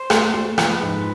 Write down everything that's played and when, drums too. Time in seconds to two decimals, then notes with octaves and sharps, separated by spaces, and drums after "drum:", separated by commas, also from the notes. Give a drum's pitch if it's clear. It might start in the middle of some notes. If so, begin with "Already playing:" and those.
Already playing: C5
0.10 A3, drum: rim click
0.34 A3
0.58 F3 B4, drum: rim click
0.82 G#2